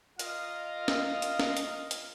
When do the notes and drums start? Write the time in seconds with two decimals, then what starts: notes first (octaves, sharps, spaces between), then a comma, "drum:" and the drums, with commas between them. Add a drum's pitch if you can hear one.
0.19 F4 A#4 D#5 F5, drum: hi-hat
0.88 drum: snare
1.22 drum: hi-hat
1.39 drum: snare
1.57 drum: hi-hat
1.91 drum: hi-hat